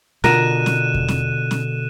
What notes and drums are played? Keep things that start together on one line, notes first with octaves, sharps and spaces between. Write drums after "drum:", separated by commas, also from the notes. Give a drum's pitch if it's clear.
B2 D3 F4 A#4 F#6 D#7 E7, drum: snare
drum: snare
drum: kick E2
drum: snare
drum: snare